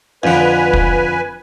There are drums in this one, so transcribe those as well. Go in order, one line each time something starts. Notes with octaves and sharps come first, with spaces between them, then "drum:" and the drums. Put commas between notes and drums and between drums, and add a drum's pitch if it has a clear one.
F2 D3 B4 G#5
drum: kick